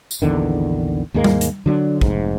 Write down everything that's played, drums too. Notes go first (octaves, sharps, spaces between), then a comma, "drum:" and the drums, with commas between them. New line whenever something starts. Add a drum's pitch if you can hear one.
drum: tambourine
A#1 E2 D3 D#3
D#2 G#2 G#3 A#3
drum: tom G3
drum: hi-hat
D3 F#3 A3 D4
F1 G#2, drum: kick